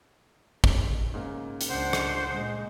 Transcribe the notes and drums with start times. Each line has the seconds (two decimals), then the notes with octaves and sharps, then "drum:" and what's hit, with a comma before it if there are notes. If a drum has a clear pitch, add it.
0.64 drum: kick
1.14 G#2 C#3 A#3
1.61 drum: hi-hat
1.70 C#2 D4 C5 F#5
1.93 drum: rim click
2.32 A#2 G#3